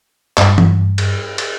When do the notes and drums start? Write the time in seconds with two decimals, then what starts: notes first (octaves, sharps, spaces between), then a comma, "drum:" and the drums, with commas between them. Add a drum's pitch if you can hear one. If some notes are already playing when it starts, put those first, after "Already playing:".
0.38 G2, drum: clap
0.58 drum: tom
0.98 drum: cymbal
1.38 drum: cymbal